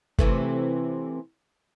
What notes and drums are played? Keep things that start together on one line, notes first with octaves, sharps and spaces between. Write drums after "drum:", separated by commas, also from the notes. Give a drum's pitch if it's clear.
C3 E3 A3, drum: kick